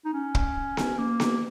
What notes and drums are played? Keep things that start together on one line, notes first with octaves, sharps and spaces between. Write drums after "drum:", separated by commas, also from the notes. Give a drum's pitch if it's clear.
D#4
C#4
drum: kick
drum: snare B3
A#3
drum: snare B3